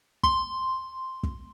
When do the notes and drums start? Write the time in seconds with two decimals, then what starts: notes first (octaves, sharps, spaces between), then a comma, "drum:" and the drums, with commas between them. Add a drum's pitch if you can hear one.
0.23 C6, drum: kick
1.23 drum: kick